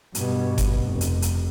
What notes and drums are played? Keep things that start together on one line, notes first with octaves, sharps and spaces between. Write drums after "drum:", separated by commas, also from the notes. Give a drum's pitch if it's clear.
G2 B2, drum: hi-hat
drum: kick G1, hi-hat
F1
drum: hi-hat
drum: hi-hat